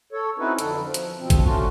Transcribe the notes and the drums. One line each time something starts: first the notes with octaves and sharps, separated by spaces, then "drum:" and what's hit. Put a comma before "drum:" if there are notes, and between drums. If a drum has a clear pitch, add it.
A4 C#5
C4 C#4 D#4 E4 F#4 B4
F2 D3 A4, drum: hi-hat
F3
drum: hi-hat
B2 F3 C4
drum: kick G1, hi-hat
A3 C#4 D4 F4 F#4